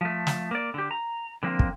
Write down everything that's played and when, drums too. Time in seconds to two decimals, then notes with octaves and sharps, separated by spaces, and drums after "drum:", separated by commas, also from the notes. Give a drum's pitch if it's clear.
0.01 F3 A3
0.27 drum: snare
0.51 A#3 D5
0.74 D3 G4
0.91 A#5
1.43 D3 F3 A#3 C4
1.59 drum: kick